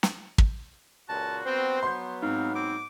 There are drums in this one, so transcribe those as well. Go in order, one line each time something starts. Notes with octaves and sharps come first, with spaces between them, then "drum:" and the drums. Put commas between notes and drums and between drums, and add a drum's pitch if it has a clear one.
drum: snare
drum: kick
C#2 A#2 F#4 A5
G2 B3 C4 C5
F#3 B3 C6 G6
G#2 C4 F5
C4 D6